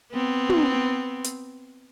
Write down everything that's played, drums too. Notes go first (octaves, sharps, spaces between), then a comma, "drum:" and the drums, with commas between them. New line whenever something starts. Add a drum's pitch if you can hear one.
B3 C4
drum: tom
drum: hi-hat